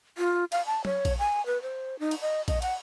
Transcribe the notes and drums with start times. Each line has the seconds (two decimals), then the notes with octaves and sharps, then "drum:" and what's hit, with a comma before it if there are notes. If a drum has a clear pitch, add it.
0.18 F4
0.52 F5, drum: cymbal
0.66 A5
0.85 C#5, drum: tom F#3
1.05 drum: kick A#1, cymbal
1.19 G#5
1.46 B4
1.62 C5
1.99 D#4
2.11 drum: cymbal
2.21 D#5
2.48 D#5, drum: kick A#1, cymbal
2.62 F#5, drum: cymbal